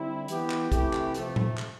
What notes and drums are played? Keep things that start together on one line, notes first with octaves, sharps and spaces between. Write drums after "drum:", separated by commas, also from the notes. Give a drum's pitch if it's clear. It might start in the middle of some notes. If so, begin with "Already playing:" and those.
Already playing: D3 G3 C4 E4
E3 B3 E4 G4, drum: hi-hat
drum: clap
C3 E3 A3 E4 G4, drum: kick, hi-hat
drum: clap
C3 F3 A3, drum: hi-hat
drum: tom A2
drum: clap